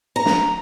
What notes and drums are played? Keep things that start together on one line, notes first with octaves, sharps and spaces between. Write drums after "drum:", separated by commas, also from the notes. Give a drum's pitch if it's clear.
A#5
drum: snare